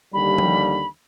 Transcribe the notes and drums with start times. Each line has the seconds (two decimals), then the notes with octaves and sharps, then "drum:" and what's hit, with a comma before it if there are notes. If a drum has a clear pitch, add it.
0.13 D#2 D3 G3 B5
0.38 drum: tom F3